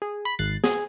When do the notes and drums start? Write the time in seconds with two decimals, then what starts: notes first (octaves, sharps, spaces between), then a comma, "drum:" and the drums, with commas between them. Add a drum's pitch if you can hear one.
0.02 G#4
0.25 B5
0.39 G#1 F#6 A6 C7
0.64 G#4, drum: snare